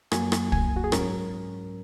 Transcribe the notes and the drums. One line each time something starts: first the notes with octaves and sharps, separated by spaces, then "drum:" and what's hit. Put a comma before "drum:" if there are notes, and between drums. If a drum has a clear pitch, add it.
F#2 F#3 A#3 G#5, drum: rim click
drum: rim click
G#5, drum: kick
F#4
G#4
G#2 F#3 C#4 A#4, drum: rim click